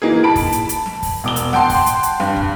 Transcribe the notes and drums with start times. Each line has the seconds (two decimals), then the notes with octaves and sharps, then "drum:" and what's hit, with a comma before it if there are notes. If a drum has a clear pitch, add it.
0.02 E3 A#3 D#4 G#4
0.24 A5 B5 D7
0.36 drum: kick, open hi-hat
0.52 drum: hi-hat
0.69 drum: hi-hat
0.86 drum: snare
1.03 drum: kick, open hi-hat
1.24 E1 D6 G7
1.36 drum: hi-hat
1.53 F#5 G5 A5 C6, drum: snare
1.70 drum: kick, open hi-hat
1.86 drum: hi-hat
2.03 drum: hi-hat
2.20 G2, drum: snare
2.37 drum: kick